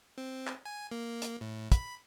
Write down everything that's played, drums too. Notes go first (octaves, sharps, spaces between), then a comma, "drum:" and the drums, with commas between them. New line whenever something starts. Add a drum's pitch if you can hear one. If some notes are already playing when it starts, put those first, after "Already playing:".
C4
drum: clap
G#5
A#3
drum: hi-hat
A2
B5, drum: kick, hi-hat